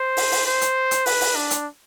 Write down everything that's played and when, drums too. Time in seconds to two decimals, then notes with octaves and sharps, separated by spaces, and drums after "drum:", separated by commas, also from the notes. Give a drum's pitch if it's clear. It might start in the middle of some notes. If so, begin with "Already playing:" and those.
Already playing: C5
0.17 drum: open hi-hat
0.32 drum: open hi-hat
0.46 C5
0.61 drum: hi-hat
0.91 drum: hi-hat
1.06 B4, drum: open hi-hat
1.21 drum: open hi-hat
1.36 D4
1.51 drum: hi-hat